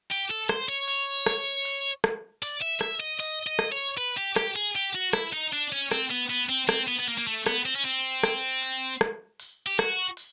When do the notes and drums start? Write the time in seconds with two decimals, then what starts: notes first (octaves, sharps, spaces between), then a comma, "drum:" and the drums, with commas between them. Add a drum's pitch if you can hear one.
0.10 G4, drum: open hi-hat
0.30 A4
0.49 C5, drum: rim click
0.69 C#5
0.88 drum: open hi-hat
1.26 drum: rim click
1.65 drum: open hi-hat
2.04 drum: rim click
2.43 D5, drum: open hi-hat
2.62 E5
2.81 E5, drum: rim click
3.00 D#5
3.19 D#5, drum: open hi-hat
3.46 D#5
3.59 drum: rim click
3.72 C#5
3.98 B4
4.17 G4
4.36 G4, drum: rim click
4.56 G#4
4.75 G4, drum: open hi-hat
4.95 F#4
5.13 E4, drum: rim click
5.32 D#4
5.52 D4, drum: open hi-hat
5.72 C#4
5.91 C4, drum: rim click
6.11 B3
6.30 B3, drum: open hi-hat
6.49 C4
6.69 C4, drum: rim click
6.88 B3
7.00 B3
7.08 A#3, drum: open hi-hat
7.18 A#3
7.27 A3
7.46 B3, drum: rim click
7.66 C4
7.76 C#4
7.85 C4, drum: open hi-hat
8.23 drum: rim click
8.62 drum: open hi-hat
9.01 drum: rim click
9.40 drum: open hi-hat
9.66 G4
9.79 F#4, drum: rim click
10.17 drum: open hi-hat